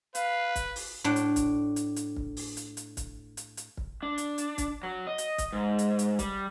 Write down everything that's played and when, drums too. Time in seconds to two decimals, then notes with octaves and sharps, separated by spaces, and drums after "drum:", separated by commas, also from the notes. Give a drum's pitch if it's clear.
0.15 B4 F5, drum: hi-hat
0.56 drum: kick, hi-hat
0.76 drum: open hi-hat
1.04 A2 D4
1.16 drum: hi-hat
1.36 drum: kick, hi-hat
1.76 drum: hi-hat
1.96 drum: hi-hat
2.16 drum: kick
2.37 drum: open hi-hat
2.57 drum: hi-hat
2.77 drum: hi-hat
2.97 drum: kick, hi-hat
3.37 drum: hi-hat
3.57 drum: hi-hat
3.77 drum: kick
4.03 D4
4.18 drum: hi-hat
4.38 drum: hi-hat
4.58 drum: kick, hi-hat
4.83 F#3
5.07 D#5
5.18 drum: hi-hat
5.38 drum: kick, hi-hat
5.53 G#2
5.79 drum: hi-hat
5.99 drum: hi-hat
6.19 G3, drum: kick, hi-hat